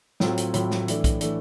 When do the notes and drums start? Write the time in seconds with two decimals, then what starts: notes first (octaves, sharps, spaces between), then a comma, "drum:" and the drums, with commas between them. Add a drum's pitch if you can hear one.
0.20 A2 F#3 A3 C4 F4, drum: snare
0.37 drum: hi-hat
0.54 A2 F#3 A3 C4 F4, drum: hi-hat
0.71 drum: snare
0.88 E3 A3 D4, drum: hi-hat
1.04 drum: kick, hi-hat
1.21 E3 A3 D4, drum: hi-hat